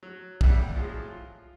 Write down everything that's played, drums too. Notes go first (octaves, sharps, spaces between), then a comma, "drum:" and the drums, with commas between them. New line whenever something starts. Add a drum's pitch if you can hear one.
F#3
F2 A#2 G3 E5 F#5 G5, drum: kick
A2 F3 F#3 G#3
F4